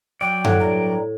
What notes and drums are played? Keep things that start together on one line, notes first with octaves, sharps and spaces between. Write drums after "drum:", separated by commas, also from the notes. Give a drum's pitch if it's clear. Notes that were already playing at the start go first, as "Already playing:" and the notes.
F#3 D5 G5
A2 F#5, drum: tom F#2
G2 G3 A#5